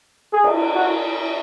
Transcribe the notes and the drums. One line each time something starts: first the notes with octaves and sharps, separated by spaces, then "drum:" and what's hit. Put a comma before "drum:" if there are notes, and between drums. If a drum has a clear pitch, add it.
G#4
drum: cymbal
F#4